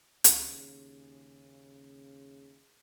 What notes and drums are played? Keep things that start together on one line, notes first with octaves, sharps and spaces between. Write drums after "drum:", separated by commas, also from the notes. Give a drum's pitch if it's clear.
D#2 C#3, drum: hi-hat